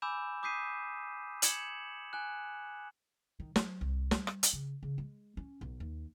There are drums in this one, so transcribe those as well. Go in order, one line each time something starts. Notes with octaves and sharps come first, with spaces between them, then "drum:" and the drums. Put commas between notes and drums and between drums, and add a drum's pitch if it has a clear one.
G#5 B5 D6 E6 G6 E7
D6 D#6 G6 B6 C7 D#7
G#6 C#7 E7 F#7, drum: hi-hat
G#5 F#6
D#3
F#3, drum: snare
C2
G3, drum: snare
drum: rim click
drum: hi-hat
C#3
C#3
G#3
C#4
B1
D#2